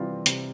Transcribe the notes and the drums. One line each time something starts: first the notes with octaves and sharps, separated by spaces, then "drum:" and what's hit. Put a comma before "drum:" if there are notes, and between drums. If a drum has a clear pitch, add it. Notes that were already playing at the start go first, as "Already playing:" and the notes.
Already playing: C3 E3 G3 C4 F4
C3, drum: hi-hat